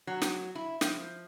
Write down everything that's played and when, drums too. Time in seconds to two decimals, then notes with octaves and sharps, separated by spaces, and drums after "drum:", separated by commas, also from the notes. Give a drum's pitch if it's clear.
0.07 F#3
0.22 drum: snare
0.55 E4
0.81 F3, drum: snare